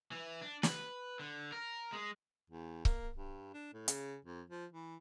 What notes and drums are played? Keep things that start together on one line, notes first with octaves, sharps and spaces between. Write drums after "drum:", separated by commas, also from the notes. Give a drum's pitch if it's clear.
E3
D4
B4, drum: snare
D3
A#4
G#3
E2
A#3, drum: kick C#1
G2
D4
A2
C#3, drum: hi-hat
F2
F3
E3